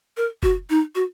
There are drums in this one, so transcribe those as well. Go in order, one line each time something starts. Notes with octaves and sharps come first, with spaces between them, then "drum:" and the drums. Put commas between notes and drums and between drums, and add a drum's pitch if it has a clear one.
A#4
F#4, drum: kick F1
D#4
F#4